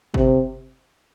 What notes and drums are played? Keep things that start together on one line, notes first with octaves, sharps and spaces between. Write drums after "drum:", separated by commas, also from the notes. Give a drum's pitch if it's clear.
C3, drum: kick